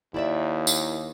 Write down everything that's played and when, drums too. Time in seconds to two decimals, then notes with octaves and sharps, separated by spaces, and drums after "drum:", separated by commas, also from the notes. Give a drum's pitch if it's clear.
0.14 D#2 E4 D5 E5
0.67 drum: tambourine